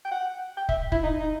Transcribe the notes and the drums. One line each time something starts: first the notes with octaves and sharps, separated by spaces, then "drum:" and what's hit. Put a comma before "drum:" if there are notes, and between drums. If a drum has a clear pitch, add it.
G5
F#5
G5
E5, drum: kick
E4, drum: kick
D#4
D#4